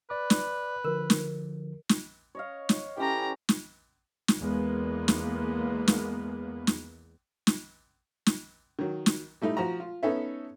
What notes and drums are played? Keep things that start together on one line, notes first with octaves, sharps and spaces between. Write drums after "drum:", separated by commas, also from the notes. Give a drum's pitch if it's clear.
B4 D5 D6
drum: snare
D3 F3 A#4
drum: snare
drum: snare
C#5 D#5 F5
drum: snare
E3 C#4 G4 A4 A#5
drum: snare
drum: snare
E2 G#3 A#3 B3
drum: snare
drum: snare
drum: snare
drum: snare
drum: snare
D#3 F#3
drum: snare
G3 A3 D#4 E4
F3 F#4 A#5
F4
B3 C#4 D#4 A4 C#5 E5